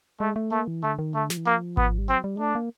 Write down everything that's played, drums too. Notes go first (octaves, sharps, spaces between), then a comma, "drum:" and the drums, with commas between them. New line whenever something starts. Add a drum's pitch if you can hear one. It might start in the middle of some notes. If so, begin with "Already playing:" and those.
G#3 A3
A3
A3 A#3
E3
D3 A3
D#3
D3 A3
F3, drum: snare
E3
F3 A#3
B3, drum: kick G#1
G3
F#3 C4
G3
G#3
A3 D4
A#3